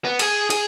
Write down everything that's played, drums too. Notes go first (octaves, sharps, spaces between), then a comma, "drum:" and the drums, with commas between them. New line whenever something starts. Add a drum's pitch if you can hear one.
B3
G#4, drum: cymbal
G#4, drum: cymbal